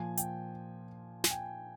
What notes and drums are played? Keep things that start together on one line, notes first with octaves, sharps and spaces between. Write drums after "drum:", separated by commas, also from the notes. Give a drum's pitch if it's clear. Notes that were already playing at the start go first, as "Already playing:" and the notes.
Already playing: A#2 F3 G#5
G5, drum: hi-hat
G#5, drum: snare
G5